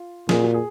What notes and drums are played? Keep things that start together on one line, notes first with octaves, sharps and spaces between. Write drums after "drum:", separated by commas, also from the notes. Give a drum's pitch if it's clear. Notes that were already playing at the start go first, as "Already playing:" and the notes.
Already playing: F4
A#2 G#4, drum: snare
F#4
G#4